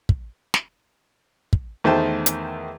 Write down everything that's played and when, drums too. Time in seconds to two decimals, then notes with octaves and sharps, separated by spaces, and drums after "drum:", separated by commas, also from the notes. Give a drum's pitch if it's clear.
0.09 drum: kick
0.54 drum: snare
1.53 drum: kick
1.84 E2 D#3 A3 C5 G5 A5
2.26 drum: hi-hat